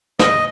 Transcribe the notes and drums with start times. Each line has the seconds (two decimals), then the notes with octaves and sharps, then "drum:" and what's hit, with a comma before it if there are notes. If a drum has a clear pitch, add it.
0.19 D#5, drum: snare